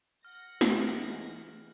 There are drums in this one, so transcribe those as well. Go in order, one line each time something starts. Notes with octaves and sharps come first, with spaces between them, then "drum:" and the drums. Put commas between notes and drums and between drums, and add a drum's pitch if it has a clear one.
F#5 F6 A#6
E3 G#3, drum: snare